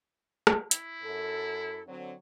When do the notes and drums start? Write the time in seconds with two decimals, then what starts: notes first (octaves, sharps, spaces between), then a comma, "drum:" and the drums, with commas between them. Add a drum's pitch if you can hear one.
0.47 drum: rim click
0.71 E4, drum: hi-hat
1.03 F#2 A4
1.86 D3 F#3 C4